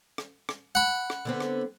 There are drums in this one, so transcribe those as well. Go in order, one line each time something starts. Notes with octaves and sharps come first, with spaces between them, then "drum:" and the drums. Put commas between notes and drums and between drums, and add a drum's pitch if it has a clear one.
drum: rim click
drum: rim click
F#5 B5
drum: rim click
D3 B3 C4
drum: rim click